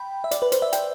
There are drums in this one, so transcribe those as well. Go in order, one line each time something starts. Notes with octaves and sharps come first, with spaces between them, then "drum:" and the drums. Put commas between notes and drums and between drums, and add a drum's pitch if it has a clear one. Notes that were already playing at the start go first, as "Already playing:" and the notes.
Already playing: G5 B5
E5
D5, drum: hi-hat
B4
C5, drum: hi-hat
E5
G5, drum: hi-hat